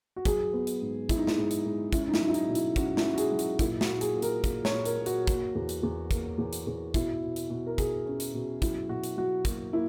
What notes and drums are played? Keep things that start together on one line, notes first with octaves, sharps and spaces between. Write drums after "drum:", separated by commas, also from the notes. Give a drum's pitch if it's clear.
F#4
F#3 G#4, drum: kick, hi-hat
B3
drum: hi-hat
G#2
G#2 E4, drum: kick, hi-hat
D#4
E4, drum: snare
G#2
drum: hi-hat
G#2
C#4 E4, drum: kick, hi-hat
D#4
E4, drum: snare
F#3
E4
D#4, drum: hi-hat
B2
E4, drum: hi-hat
C#4 F#4, drum: kick, hi-hat
E4, drum: snare
C#4
F#4
G#4, drum: hi-hat
F#3
F#4, drum: hi-hat
A#2 E4, drum: kick, hi-hat
F#4, drum: snare
A#2
G#4, drum: hi-hat
A#2
A#4, drum: hi-hat
A#2, drum: kick, hi-hat
C#5, drum: snare
A#2
A#4, drum: hi-hat
A#2
F#4, drum: hi-hat
A#3, drum: kick, hi-hat
E2
drum: hi-hat
E2
A#3, drum: kick, hi-hat
E2
drum: hi-hat
E2
B2 E4, drum: kick, hi-hat
B2
drum: hi-hat
B2
A#4
B2 G#4, drum: kick, hi-hat
C#4
drum: hi-hat
B2
F#3 E4, drum: kick, hi-hat
B2 F#4
drum: hi-hat
F#3 F#4
A#3 F#4, drum: kick, hi-hat
A#3 E4